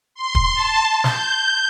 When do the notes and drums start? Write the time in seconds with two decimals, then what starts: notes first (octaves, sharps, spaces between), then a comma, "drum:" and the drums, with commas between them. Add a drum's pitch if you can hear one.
0.15 C6
0.35 drum: kick
0.54 A5
1.04 G6, drum: snare